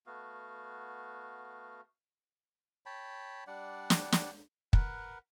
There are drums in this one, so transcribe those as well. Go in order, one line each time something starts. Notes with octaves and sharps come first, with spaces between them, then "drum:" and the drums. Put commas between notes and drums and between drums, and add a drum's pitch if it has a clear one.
A3 B3 F#4 F5
C#5 G5 A5 B5
G3 D4 D5 F#5
drum: snare
drum: snare
A#4 B4 F#5, drum: kick